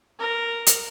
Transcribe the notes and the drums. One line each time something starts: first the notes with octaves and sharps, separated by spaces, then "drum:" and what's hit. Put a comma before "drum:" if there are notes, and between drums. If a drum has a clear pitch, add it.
A#4
drum: hi-hat